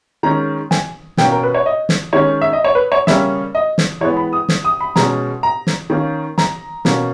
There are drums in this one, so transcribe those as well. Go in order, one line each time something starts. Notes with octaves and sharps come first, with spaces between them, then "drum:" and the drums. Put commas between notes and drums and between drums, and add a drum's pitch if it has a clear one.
D#3 G#3 C#4 A#5
G#5, drum: snare
B2 A#3 C#4 G5, drum: snare
A#4
B4
C#5
D#5
drum: snare
D#3 G#3 C#4 C#5
E5
D#5
C#5
B4
C#5
C#3 G3 A#3 C#4 E5, drum: snare
D#5
drum: snare
E3 G#3 B3 C#5
B5
D#6
drum: snare
D#6
B5
B2 G#3 C#4 A#5, drum: snare
A#5
drum: snare
D#3 A#3 C#4
A#5, drum: snare
B2 A#3 C#4, drum: snare